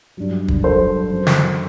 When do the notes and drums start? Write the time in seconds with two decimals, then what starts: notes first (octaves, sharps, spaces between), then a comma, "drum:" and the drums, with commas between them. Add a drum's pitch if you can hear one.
0.17 G2 F#3
0.48 drum: kick
0.63 G2 F#3 A4 C5
1.11 F#2 F#3
1.27 drum: snare